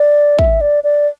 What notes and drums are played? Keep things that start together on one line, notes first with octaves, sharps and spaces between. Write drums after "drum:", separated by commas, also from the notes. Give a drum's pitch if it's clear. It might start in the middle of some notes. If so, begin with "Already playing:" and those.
Already playing: D5
E5, drum: kick
D5
D5